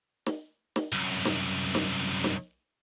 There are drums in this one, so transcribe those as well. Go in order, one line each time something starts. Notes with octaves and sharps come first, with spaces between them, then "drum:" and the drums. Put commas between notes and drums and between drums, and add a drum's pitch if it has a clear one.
drum: snare
drum: snare
C2 F#2
drum: snare
drum: snare
drum: snare